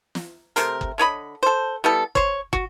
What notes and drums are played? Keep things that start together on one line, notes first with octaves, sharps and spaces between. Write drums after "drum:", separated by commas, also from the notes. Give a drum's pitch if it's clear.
drum: snare
C3 A3 C4 A#4, drum: hi-hat
drum: kick
D3 C#5 D#5 B5
A4 C5
G3 B3 E4 A4
C5 C#5, drum: kick
F#4, drum: kick